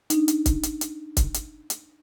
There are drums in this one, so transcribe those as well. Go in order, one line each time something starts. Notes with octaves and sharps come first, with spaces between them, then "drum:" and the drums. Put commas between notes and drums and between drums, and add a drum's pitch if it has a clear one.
D4 D#4, drum: hi-hat
drum: hi-hat
drum: kick, hi-hat
drum: hi-hat
drum: hi-hat
drum: kick, hi-hat
drum: hi-hat
drum: hi-hat